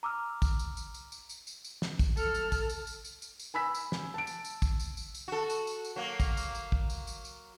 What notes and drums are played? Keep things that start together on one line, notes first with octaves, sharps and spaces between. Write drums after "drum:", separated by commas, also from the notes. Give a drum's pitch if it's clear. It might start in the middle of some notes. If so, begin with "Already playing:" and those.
A#5 D6 E6 F6
drum: kick, tambourine
drum: tambourine
drum: tambourine
drum: tambourine
drum: tambourine
drum: tambourine
drum: tambourine
drum: tambourine
drum: snare
drum: kick, tambourine
A4 F6, drum: tambourine
drum: tambourine
drum: kick, tambourine
drum: tambourine
drum: tambourine
drum: tambourine
drum: tambourine
drum: tambourine
G#5 B5 E6 B6
drum: tambourine
drum: snare
A5 D7
drum: tambourine
drum: tambourine
drum: kick, tambourine
drum: tambourine
drum: tambourine
drum: tambourine
F#4 A4
drum: tambourine
drum: tambourine
drum: tambourine
F#3 A#3
drum: kick, tambourine
drum: tambourine
drum: tambourine
drum: kick
drum: tambourine
drum: tambourine
drum: tambourine